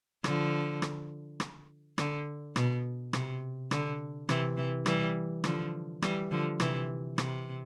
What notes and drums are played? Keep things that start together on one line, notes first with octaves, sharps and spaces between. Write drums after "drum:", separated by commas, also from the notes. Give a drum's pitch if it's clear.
D3 F3, drum: rim click
drum: rim click
drum: rim click
D3, drum: rim click
B2, drum: rim click
C3, drum: rim click
D3, drum: rim click
C3 E3, drum: rim click
C3 E3
E3 G3, drum: rim click
D3 F3, drum: rim click
E3 G3, drum: rim click
D3 F3
C3 E3, drum: rim click
C3, drum: rim click